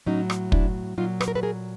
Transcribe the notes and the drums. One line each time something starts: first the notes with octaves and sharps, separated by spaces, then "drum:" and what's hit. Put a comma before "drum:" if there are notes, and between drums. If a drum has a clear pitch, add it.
A2 F#3 C#4 D#4
drum: rim click
D4 E4, drum: kick
A#2 F#3 D#4 F4
B4, drum: rim click
A#4
A4 B4
G#4 A#4